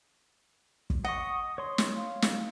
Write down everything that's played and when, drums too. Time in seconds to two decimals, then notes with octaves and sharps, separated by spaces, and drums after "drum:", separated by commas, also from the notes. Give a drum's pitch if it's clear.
0.90 drum: kick
1.05 D#5 F#5 C#6 D#6
1.58 C#5 C6
1.78 drum: snare
1.96 F5
2.22 drum: snare